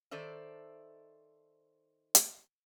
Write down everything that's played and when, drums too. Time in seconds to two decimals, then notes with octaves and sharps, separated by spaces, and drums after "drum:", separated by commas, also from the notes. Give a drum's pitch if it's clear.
0.11 D#3 A4 C5 D5 E5
2.15 drum: hi-hat